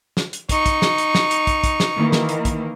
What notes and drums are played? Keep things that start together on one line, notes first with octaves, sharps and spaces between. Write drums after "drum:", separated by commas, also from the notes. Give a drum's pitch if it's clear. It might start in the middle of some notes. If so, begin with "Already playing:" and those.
drum: snare
drum: hi-hat
D#4 C#6, drum: kick, hi-hat
drum: kick, hi-hat
drum: snare
drum: hi-hat
drum: snare
drum: hi-hat
drum: kick, hi-hat
drum: kick, hi-hat
drum: snare
D#3 E3 A#3
drum: snare
drum: hi-hat
drum: kick, hi-hat